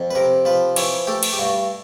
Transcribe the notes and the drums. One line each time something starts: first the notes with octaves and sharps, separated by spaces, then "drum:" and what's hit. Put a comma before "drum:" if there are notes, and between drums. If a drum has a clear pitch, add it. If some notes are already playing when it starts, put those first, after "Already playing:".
Already playing: F2
B4
C3 A#4
F3 B4
E3 C#5, drum: cymbal
A3 G4
drum: cymbal
G4
G2 F#4